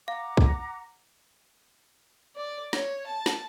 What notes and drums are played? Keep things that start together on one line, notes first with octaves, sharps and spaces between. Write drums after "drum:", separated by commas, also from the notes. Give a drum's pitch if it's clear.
F5 F#5 A#5 D6
drum: kick
D5
C#5, drum: snare
A5
drum: snare